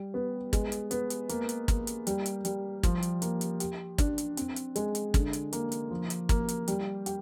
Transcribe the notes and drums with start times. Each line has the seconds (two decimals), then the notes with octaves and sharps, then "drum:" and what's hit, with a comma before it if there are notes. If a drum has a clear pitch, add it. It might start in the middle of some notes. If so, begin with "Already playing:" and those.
Already playing: G3
0.14 B3
0.53 G#3, drum: kick, hi-hat
0.72 drum: hi-hat
0.91 B3, drum: hi-hat
1.10 drum: hi-hat
1.29 A#3, drum: hi-hat
1.49 drum: hi-hat
1.68 A#3, drum: kick, hi-hat
1.87 drum: hi-hat
2.07 G3, drum: hi-hat
2.26 drum: hi-hat
2.45 G3, drum: hi-hat
2.83 F3, drum: kick, hi-hat
3.02 drum: hi-hat
3.22 A#3, drum: hi-hat
3.41 drum: hi-hat
3.60 G4, drum: hi-hat
3.98 D4, drum: kick, hi-hat
4.18 drum: hi-hat
4.37 C4, drum: hi-hat
4.56 drum: hi-hat
4.76 G#3, drum: hi-hat
4.95 drum: hi-hat
5.14 D3, drum: kick, hi-hat
5.33 drum: hi-hat
5.53 A#3, drum: hi-hat
5.72 drum: hi-hat
5.91 F3
6.10 drum: hi-hat
6.29 A#3, drum: kick, hi-hat
6.48 drum: hi-hat
6.68 G3, drum: hi-hat
7.06 G4, drum: hi-hat